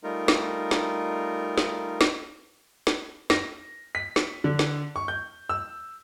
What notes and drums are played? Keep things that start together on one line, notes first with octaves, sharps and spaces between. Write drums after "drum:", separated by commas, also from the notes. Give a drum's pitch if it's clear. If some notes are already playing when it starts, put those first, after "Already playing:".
G3 A3 D#4 F4 A#4
drum: snare
drum: snare
drum: snare
drum: snare
drum: snare
A#6, drum: snare
B6
drum: snare
D3
drum: snare
C#6
G6
E6